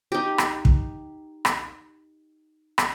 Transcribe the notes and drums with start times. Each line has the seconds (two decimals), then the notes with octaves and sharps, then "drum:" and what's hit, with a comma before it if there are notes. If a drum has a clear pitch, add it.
0.12 D#4 G4
0.38 drum: rim click
0.65 drum: kick
1.45 drum: rim click
2.78 drum: rim click